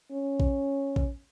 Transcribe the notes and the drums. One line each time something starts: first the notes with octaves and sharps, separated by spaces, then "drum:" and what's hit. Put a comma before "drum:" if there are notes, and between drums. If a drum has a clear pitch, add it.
C#4
drum: kick A#1
drum: kick A#1